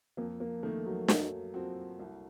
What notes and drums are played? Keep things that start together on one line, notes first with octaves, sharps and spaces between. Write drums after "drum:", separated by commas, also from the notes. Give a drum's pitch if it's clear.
F2 A#3
A#3
D#3 A3 A#3
F#3
F#2, drum: snare
F3 C4 F#4
C2